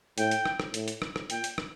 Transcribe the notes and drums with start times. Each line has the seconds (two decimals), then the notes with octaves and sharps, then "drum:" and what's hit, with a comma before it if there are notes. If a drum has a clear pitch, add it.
0.18 A2 G5, drum: hi-hat
0.31 drum: hi-hat
0.45 drum: rim click
0.60 drum: rim click
0.74 A2, drum: hi-hat
0.88 drum: hi-hat
1.02 drum: rim click
1.16 drum: rim click
1.30 A#2 G5, drum: hi-hat
1.44 drum: hi-hat
1.58 drum: rim click